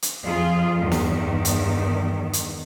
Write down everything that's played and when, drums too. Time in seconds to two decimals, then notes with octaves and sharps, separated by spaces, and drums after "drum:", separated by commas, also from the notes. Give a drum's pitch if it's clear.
0.02 drum: hi-hat
0.25 F2 F4 G#4
0.81 E2 G2 D#3
0.92 drum: snare
1.45 drum: hi-hat
2.33 drum: hi-hat